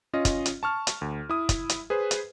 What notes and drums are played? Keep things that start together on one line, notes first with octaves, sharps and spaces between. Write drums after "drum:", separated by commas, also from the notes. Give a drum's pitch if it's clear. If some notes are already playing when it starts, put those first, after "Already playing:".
C#4 F4 D#5
drum: kick, hi-hat
drum: hi-hat
A5 C#6 F6
drum: hi-hat
D2
E4 D#6
drum: kick, hi-hat
drum: hi-hat
G#4 B4 C5
drum: hi-hat